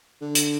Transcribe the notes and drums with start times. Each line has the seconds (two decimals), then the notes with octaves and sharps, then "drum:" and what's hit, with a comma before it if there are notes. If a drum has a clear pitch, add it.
0.21 D3
0.35 drum: hi-hat